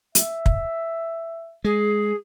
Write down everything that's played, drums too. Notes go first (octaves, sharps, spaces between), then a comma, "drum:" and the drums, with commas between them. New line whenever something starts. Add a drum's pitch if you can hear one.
E5, drum: hi-hat
drum: kick
G#3 G#4